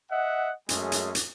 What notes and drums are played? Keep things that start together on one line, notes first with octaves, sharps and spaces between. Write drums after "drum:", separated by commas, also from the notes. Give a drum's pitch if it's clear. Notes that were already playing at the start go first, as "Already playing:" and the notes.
D#5 E5 F#5
F#2 G#3 A3 C#4 G#4, drum: hi-hat
drum: hi-hat
drum: hi-hat